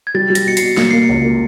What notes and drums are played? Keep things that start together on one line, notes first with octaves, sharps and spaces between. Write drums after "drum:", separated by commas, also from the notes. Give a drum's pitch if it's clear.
G#6
G3 A6
G3
A#6, drum: hi-hat
B2 C#7
C7, drum: hi-hat
B2
A#3 C#7, drum: snare
A#3 C7
C#7
C#2
A#3